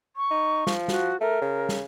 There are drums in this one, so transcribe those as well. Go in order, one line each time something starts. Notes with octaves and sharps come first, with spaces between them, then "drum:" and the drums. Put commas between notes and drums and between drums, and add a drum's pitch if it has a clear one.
C#6
D#4
F3, drum: snare
F#4, drum: snare
A3 A#4
C#3
drum: snare